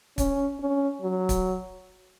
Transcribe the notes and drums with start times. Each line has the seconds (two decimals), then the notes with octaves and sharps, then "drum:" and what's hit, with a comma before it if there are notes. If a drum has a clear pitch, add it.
0.18 C#4, drum: kick, hi-hat
0.60 C#4
1.01 F#3
1.29 drum: kick, hi-hat